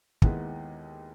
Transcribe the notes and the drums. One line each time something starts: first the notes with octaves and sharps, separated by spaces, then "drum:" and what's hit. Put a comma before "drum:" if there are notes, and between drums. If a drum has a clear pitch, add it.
D#2 D#3 G#3 B3 E4, drum: kick